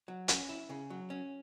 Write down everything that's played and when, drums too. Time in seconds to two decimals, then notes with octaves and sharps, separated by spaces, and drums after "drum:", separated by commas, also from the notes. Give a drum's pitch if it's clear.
0.08 F#3
0.28 C#4, drum: hi-hat
0.49 E4
0.70 C#3
0.90 F#3
1.10 C#4